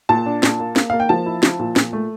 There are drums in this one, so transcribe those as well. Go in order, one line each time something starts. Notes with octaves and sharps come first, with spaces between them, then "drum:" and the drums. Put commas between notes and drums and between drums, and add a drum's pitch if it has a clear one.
A#2 A5
D4
A#2, drum: snare
A#3
A#3, drum: snare
A#3 F5
G5
F3 A5
E4
F3, drum: snare
A#2
A#2, drum: snare
A3